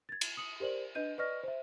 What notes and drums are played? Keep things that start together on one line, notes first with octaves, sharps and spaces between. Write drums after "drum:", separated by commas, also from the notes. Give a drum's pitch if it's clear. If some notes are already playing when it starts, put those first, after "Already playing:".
G#6 A6
drum: cymbal
D#6 C#7 F#7
G4 A#4 C5 D5 F#7
D4 B4 D#5 G6 D#7
B4 D5 D#5 C#6 F6 A#6
C5 E5